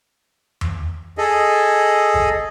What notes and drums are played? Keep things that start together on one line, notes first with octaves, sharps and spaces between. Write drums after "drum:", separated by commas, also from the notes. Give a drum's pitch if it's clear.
drum: tom E2
G#4 A4 D#5
drum: kick